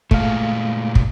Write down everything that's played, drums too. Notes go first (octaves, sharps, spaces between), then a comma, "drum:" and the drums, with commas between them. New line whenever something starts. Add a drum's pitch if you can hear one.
A#2 G#3 A3 F5, drum: kick
drum: kick